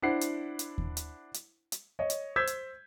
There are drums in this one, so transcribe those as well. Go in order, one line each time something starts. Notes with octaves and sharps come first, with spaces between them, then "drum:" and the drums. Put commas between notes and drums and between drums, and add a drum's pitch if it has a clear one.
D4 E4 C5 F#5 C7
drum: hi-hat
drum: hi-hat
drum: kick D#2
drum: hi-hat
drum: hi-hat
drum: hi-hat
C#5 D#5
drum: hi-hat
C5 E6 G6 G#6 B6
drum: hi-hat